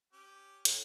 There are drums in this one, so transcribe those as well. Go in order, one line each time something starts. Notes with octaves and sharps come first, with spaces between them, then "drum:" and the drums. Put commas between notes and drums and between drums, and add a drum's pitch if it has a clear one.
C#4 G4 D6
A2, drum: hi-hat